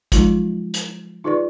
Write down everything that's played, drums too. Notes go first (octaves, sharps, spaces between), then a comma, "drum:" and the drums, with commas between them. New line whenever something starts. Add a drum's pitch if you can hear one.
F3 F#3 G#3 D#4 F4, drum: kick A1, hi-hat
drum: hi-hat
D#4 F4 G#4 B4 D5 C#6